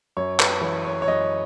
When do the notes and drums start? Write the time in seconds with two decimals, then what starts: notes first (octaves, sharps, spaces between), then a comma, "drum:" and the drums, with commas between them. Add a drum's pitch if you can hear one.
0.17 F#2 C#5
0.40 B4, drum: clap
0.61 E3 C#5
0.85 C#5
1.02 C#5
1.08 F#2 D#5